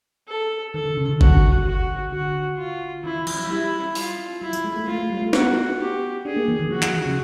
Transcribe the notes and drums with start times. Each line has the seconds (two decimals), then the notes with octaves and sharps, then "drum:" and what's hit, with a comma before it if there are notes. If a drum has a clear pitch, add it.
0.28 A4
0.74 D#3 A4
0.86 D3
0.97 C#3
1.09 D3
1.21 F#4, drum: kick G1
1.66 F#4
2.12 D3 F#4
2.58 F4
3.04 D#3 E4
3.15 E3
3.27 F3, drum: cymbal
3.38 F#3
3.50 G3 E4
3.95 F4, drum: open hi-hat
4.42 F#3 E4
4.53 F3, drum: tambourine
4.64 G#3
4.76 A3
4.87 A3 F4
4.99 A3
5.10 G3
5.22 A3
5.33 B3 F#4, drum: snare
5.80 G4
6.25 D4 G#4
6.36 A#3
6.48 E3
6.59 D#3
6.71 F3 F#4
6.82 E3, drum: clap
6.94 F3
7.06 C#3